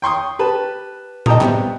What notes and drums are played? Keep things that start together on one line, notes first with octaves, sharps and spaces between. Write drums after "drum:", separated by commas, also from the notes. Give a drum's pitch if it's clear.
G5 C6 C#6 D#6
G4 B4 A5
D#5 G5 A5 A#5 D#6, drum: tom A2
C3 G3 B3, drum: clap